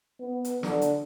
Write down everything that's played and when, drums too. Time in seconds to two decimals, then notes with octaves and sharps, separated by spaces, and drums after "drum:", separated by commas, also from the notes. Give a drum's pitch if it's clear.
0.20 B3
0.45 drum: hi-hat
0.63 D3, drum: snare
0.81 drum: hi-hat